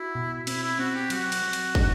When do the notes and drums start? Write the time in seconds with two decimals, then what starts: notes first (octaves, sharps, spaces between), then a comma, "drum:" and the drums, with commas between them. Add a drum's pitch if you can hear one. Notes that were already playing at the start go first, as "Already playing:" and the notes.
Already playing: E4 F#4
0.15 B2
0.47 C4 E4, drum: cymbal
0.63 E4
0.79 C4 F#4
0.95 G4
1.10 F#3 F#4, drum: cymbal
1.32 drum: cymbal
1.42 F#3
1.53 drum: cymbal
1.75 D4, drum: kick